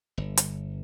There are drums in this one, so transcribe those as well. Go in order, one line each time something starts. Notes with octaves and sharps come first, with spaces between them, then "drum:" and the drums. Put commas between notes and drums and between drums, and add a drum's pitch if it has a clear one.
G1
drum: hi-hat